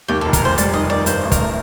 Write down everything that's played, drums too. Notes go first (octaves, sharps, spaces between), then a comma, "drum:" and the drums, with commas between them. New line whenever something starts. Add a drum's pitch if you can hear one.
D#2 G4
A4
F1
A#4, drum: kick, hi-hat
F1 C5
G3 D5, drum: hi-hat
D#3 D#5
D#3 D5
G2 C5, drum: hi-hat
A1
A#4, drum: kick, hi-hat
A3